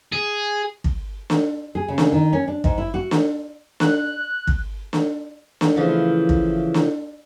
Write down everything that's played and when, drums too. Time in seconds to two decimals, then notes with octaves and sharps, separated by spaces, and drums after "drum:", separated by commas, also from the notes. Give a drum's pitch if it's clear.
0.12 G#4
0.84 drum: kick
1.30 drum: snare
1.75 G#4
1.88 C#3
1.98 drum: snare
2.12 D#3
2.33 C#4
2.48 D4
2.64 G#2, drum: kick
2.78 E4
2.94 F#4
3.11 drum: snare
3.80 F#6, drum: snare
4.47 drum: kick
4.93 drum: snare
5.61 drum: snare
5.76 C#3 E3 F3 A3
6.29 drum: kick
6.74 drum: snare